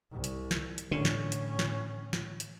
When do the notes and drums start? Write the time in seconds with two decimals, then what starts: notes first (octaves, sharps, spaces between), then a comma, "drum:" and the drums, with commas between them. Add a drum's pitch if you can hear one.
0.11 C2
0.24 drum: hi-hat
0.51 drum: snare
0.78 drum: hi-hat
0.91 A2 D3 C#4
1.05 drum: snare
1.32 drum: hi-hat
1.59 drum: snare
2.13 drum: snare
2.40 drum: hi-hat